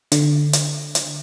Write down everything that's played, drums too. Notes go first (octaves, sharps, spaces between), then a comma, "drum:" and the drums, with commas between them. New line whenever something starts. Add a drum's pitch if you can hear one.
D3, drum: hi-hat
drum: hi-hat
drum: hi-hat